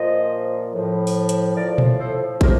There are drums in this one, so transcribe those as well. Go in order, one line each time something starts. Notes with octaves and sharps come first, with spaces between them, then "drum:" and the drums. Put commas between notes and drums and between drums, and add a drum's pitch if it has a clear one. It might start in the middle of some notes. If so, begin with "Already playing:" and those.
Already playing: A#2 F3 C5 D#5
A2 F3
drum: open hi-hat
drum: hi-hat
A2 F3 A#4 D5
drum: tom A#2
A4 C5
A2 F3 G4 A#4, drum: kick